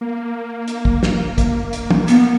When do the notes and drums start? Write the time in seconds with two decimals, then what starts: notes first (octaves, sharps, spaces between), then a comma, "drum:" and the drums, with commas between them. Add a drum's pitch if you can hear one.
0.01 A#3
0.68 drum: hi-hat
0.85 drum: kick
1.03 drum: snare
1.38 drum: kick, hi-hat
1.73 drum: hi-hat
1.91 drum: tom
2.08 B3, drum: hi-hat